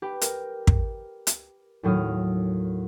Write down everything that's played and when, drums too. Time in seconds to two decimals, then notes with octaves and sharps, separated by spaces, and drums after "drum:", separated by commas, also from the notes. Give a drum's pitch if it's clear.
0.02 G4 B4 G5
0.21 A#4, drum: hi-hat
0.67 drum: kick
1.27 drum: hi-hat
1.83 D#2 A2 F#3 D#6 F6